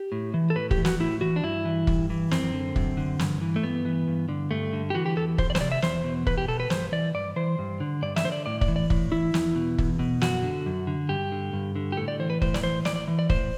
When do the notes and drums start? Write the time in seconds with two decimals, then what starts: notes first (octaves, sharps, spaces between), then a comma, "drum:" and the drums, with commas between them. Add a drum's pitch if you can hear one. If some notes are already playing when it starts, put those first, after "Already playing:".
Already playing: G4
0.12 A2
0.34 E3
0.50 A4
0.56 A2 B4
0.71 G4, drum: kick
0.78 E3
0.85 F#4, drum: snare
1.00 A2 E4
1.21 E3 F#4
1.36 D4
1.44 G2 E4
1.65 E3
1.87 G2, drum: kick
2.10 E3
2.31 F#2 C4, drum: snare
2.53 D3
2.76 F#2, drum: kick
2.97 D3
3.19 G2, drum: snare
3.41 E3
3.56 A3
3.63 G2 B3
3.85 E3
4.08 G2
4.29 D3
4.51 G2 A3
4.73 D3
4.90 G4
4.94 E3 F#4
5.06 G4
5.17 E2 A4
5.38 E2 C5, drum: kick
5.50 D5
5.55 C5, drum: snare
5.61 C3 D5
5.72 E5
5.82 E2 C5, drum: snare
6.04 B2
6.27 E2 B4, drum: kick
6.38 G4
6.48 B2 A4
6.60 B4
6.70 G2 C5, drum: snare
6.92 E3 D5
7.14 G2 D5
7.36 E3 C5
7.59 G2
7.80 D3
8.02 G2 D5
8.16 E5, drum: snare
8.24 D3 C5
8.32 D5
8.46 A2 D5
8.61 D5, drum: kick
8.68 E3
8.76 D5
8.90 A2, drum: kick
9.12 E3 E4
9.34 E2, drum: snare
9.56 B2
9.78 E2, drum: kick
9.99 B2
10.21 F#2 F#4, drum: snare
10.43 D3
10.66 F#2
10.87 D3
11.09 G2 G4
11.32 D3
11.53 G2
11.76 D3
11.92 G4
11.97 A2 A4
12.08 D5
12.19 E3 C5
12.30 B4
12.42 A2 C5, drum: kick
12.54 D5, drum: snare
12.63 E3 C5
12.85 A2 D5, drum: snare
12.96 D5
13.07 E3
13.19 D5
13.29 A2 C5, drum: kick